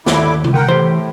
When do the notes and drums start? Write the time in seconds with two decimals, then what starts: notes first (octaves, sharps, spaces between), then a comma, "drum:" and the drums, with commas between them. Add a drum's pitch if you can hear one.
0.06 D#2 D3 E4 D6, drum: snare
0.44 drum: tom C3
0.54 D3 A#4 F#5 G5
0.68 A2 E3 G4 C5